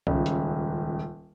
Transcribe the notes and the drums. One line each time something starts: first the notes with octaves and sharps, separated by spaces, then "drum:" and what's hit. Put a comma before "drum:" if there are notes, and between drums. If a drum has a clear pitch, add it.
D#1 C#2 C#3, drum: kick
drum: hi-hat